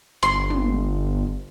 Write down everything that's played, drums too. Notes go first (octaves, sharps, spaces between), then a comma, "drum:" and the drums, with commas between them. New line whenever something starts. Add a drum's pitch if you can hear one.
G1 C6
drum: tom